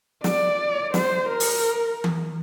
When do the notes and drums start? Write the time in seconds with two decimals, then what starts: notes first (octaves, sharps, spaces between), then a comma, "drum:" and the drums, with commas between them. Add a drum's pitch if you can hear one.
0.24 D5, drum: snare
0.94 C5, drum: snare
1.29 A#4
1.40 drum: open hi-hat
2.04 drum: tom E3